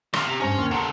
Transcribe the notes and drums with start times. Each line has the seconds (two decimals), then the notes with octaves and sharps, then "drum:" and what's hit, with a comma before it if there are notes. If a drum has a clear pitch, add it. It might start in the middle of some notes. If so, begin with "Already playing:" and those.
0.13 G3 F4, drum: rim click
0.27 C3 E5 A#5 F7
0.40 G2 C#4 C5 A#6
0.55 D#2 C6
0.71 C#3 A3 F#5 A#5 C6